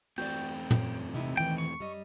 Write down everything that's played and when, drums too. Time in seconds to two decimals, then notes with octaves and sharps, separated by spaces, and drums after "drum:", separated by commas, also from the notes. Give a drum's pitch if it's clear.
0.18 E2 A3 C4 F#4 D5 G5
0.71 F#2 A#2, drum: tom
1.14 C3 D#4 E4
1.37 D#3 E3 G5
1.58 C#6
1.79 F#2 G3 D#5